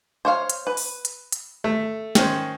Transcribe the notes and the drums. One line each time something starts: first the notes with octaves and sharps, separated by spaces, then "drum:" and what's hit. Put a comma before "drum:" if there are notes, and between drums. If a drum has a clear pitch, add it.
C5 C#5 F5
drum: hi-hat
B4
drum: open hi-hat
drum: hi-hat
drum: hi-hat
A3
D#3 C#4 C5, drum: snare